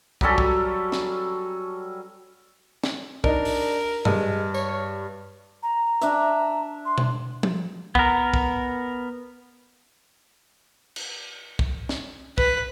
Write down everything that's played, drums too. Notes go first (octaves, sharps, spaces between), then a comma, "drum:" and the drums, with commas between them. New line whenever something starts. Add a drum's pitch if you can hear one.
F#3 G3 C#4 A4, drum: kick
drum: kick
drum: snare
drum: snare
D4 D#4 A#4, drum: kick
drum: open hi-hat
G2 G#3, drum: tom G2
C#5, drum: tambourine
A#5
D4 E5, drum: hi-hat
C6
drum: tom B2
drum: tom F3
B3 A#4, drum: kick
drum: kick
drum: cymbal
drum: kick
drum: snare
B4, drum: kick